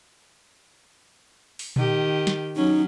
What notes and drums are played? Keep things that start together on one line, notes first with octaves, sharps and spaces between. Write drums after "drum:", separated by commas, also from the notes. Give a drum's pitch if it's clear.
drum: open hi-hat
D#3 G4, drum: tom A#2
drum: snare
F#3 C#4 D#4